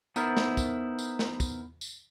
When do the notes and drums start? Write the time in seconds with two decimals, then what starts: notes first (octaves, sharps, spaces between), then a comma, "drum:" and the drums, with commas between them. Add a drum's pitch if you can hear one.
0.16 B3 D#4 E4 A#4 C5, drum: tambourine
0.37 drum: snare
0.57 drum: kick, tambourine
0.99 drum: tambourine
1.19 drum: snare
1.40 drum: kick, tambourine
1.81 drum: tambourine